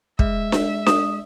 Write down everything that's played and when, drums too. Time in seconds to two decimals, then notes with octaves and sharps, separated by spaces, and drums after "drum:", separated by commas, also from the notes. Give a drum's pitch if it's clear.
0.19 G#3 E5, drum: kick
0.52 drum: snare D4
0.86 D#6 E7, drum: snare D4